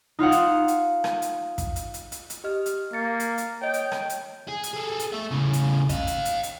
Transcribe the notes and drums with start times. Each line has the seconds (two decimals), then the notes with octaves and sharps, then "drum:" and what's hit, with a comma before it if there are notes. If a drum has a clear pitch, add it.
0.19 D#4 F4 F5 F#5
0.32 drum: hi-hat
0.68 drum: hi-hat
1.04 drum: rim click
1.22 drum: hi-hat
1.58 drum: kick, hi-hat
1.76 drum: hi-hat
1.94 drum: hi-hat
2.12 drum: hi-hat
2.30 drum: hi-hat
2.44 G4 D#5 F6
2.66 drum: hi-hat
2.93 A#3 A6 C#7
3.20 drum: hi-hat
3.38 drum: hi-hat
3.62 C#5 D#5 G5
3.74 drum: hi-hat
3.92 drum: rim click
4.10 drum: hi-hat
4.48 G#4
4.63 drum: hi-hat
4.74 G#4 A4
4.99 drum: hi-hat
5.12 A3 E5
5.31 A2 C#3
5.53 drum: hi-hat
5.89 D#5 F5, drum: kick, hi-hat
6.07 drum: hi-hat
6.25 drum: hi-hat
6.43 drum: hi-hat